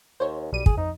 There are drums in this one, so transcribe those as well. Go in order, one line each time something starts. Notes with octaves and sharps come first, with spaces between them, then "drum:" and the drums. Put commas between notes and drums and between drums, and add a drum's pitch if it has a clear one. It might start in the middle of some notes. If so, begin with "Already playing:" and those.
D#2 C5 C#5
B1 G3 D#7
G#4, drum: kick
F2 D#4